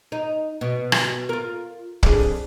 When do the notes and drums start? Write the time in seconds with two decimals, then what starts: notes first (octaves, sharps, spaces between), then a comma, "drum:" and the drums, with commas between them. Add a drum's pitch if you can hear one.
0.12 D#4
0.61 B2
0.92 drum: rim click
1.29 F4 A#4
2.03 F2 D4 G#4, drum: kick